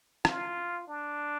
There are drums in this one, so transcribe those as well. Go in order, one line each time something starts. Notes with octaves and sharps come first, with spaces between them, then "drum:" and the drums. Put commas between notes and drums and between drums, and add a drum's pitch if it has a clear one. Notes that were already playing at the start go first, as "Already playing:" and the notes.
F4, drum: rim click
D4